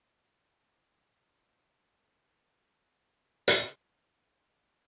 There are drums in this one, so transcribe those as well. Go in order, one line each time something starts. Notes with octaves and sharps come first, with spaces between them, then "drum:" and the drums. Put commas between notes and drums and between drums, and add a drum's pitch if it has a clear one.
A1 G2 F#3 A3 B5
G5
A5
G1 G2 D3 B5
B5
C#6
B5
drum: hi-hat
C#2 B2 A3 B5
B5
A5